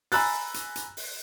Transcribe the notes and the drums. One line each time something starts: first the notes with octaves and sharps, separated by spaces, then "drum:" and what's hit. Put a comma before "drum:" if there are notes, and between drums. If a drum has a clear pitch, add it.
G#5 A#5 B5 E6 F#6 A6, drum: open hi-hat
drum: hi-hat
drum: hi-hat
drum: open hi-hat